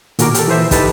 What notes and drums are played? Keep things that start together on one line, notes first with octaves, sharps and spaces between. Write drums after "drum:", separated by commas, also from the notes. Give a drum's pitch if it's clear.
A#2 D#3 F#4 G#4 A#4 D6, drum: hi-hat
G4 A4, drum: hi-hat
E3 B4 C5 E5
D#4 G4 A4 B4 A5 B5, drum: kick, hi-hat